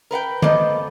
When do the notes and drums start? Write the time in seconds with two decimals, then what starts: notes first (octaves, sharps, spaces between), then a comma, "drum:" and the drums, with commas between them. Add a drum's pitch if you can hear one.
0.11 A#4 B4 F#5 G5
0.42 A#3 B3 A4 C5 D5 D#5, drum: tom D3